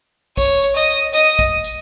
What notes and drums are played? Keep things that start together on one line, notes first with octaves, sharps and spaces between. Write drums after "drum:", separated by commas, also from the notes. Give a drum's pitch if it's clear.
C#5, drum: kick, tambourine
drum: tambourine
D#5
D#5, drum: tambourine
drum: kick, tambourine
drum: tambourine